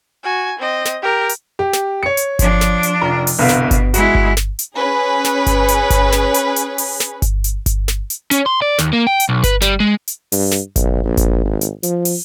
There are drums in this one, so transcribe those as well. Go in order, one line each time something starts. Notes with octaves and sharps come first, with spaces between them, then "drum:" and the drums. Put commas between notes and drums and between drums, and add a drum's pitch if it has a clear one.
F#4 G#5
C4 D#5
drum: snare
G4 A#4
drum: hi-hat
G4
drum: snare
C#5 C#7
drum: hi-hat
F3 D4, drum: kick G1, hi-hat
drum: snare
drum: hi-hat
F1 F4 A#5
drum: open hi-hat
G1 C2 B2 F5
drum: snare
drum: kick G1, hi-hat
G#3 E4 F#4, drum: hi-hat
drum: kick G1
drum: snare
drum: hi-hat
C#4 G#4 B4
drum: snare
drum: kick G1, hi-hat
drum: hi-hat
drum: kick G1, hi-hat
drum: snare
drum: hi-hat
drum: hi-hat
drum: open hi-hat
drum: snare
drum: kick G1, hi-hat
drum: hi-hat
drum: kick G1, hi-hat
drum: snare
drum: hi-hat
C#4, drum: hi-hat
C6
D5
D#2, drum: snare
A#3
G5
drum: hi-hat
B1
B4, drum: kick G1, hi-hat
G3, drum: snare
G#3
drum: hi-hat
G2, drum: open hi-hat
drum: snare
B1, drum: kick G1, hi-hat
A#1
drum: kick G1, hi-hat
G#1
drum: hi-hat
F3, drum: hi-hat
drum: open hi-hat